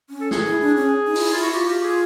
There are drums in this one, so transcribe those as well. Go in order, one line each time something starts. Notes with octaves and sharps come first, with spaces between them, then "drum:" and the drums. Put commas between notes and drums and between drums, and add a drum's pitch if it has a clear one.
C#4
A4
G#4, drum: snare
E4
D4
C#4
D#4
F4, drum: open hi-hat
E4
F4
E4 F#4
F4 G4
F#4
G4
G#4